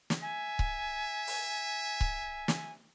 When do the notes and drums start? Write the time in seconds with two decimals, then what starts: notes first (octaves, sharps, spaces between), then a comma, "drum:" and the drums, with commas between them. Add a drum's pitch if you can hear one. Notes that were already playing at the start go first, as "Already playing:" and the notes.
0.10 drum: snare
0.22 E5 G#5
0.59 drum: kick C#1
1.27 drum: open hi-hat
2.01 drum: kick C#1
2.48 drum: snare